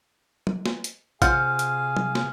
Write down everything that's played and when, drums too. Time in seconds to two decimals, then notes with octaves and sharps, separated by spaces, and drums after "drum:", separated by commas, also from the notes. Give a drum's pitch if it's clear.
0.47 drum: tom
0.66 drum: snare
0.84 drum: hi-hat
1.22 C3 F4 G#4 C5 F5 F#5 G#5 F6, drum: kick, hi-hat
1.59 drum: hi-hat
1.97 drum: tom
2.15 drum: snare